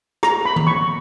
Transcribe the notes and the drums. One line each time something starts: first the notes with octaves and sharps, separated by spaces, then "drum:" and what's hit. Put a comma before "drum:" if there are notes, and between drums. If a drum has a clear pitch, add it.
A#5, drum: rim click
B5
drum: tom D#3
C#6